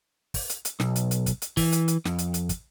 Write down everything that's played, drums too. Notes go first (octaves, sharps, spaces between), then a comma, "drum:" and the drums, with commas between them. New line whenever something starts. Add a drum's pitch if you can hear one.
drum: kick, open hi-hat
drum: hi-hat
drum: hi-hat
B1, drum: snare
drum: hi-hat
drum: hi-hat
drum: kick, hi-hat
drum: hi-hat
E3, drum: kick, open hi-hat
drum: hi-hat
drum: hi-hat
F2, drum: snare
drum: hi-hat
drum: hi-hat
drum: kick, hi-hat